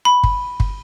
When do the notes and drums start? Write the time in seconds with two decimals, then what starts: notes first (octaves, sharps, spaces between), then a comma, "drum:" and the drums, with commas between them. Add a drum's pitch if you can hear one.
0.05 B5
0.23 drum: kick
0.60 drum: kick